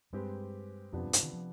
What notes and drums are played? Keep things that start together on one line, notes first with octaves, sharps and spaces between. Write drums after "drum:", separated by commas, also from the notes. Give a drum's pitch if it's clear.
G2 G#3 C4 G4 B4
F2 C3 F3 B3 D4 G4
G2
G2, drum: hi-hat
D#3
F3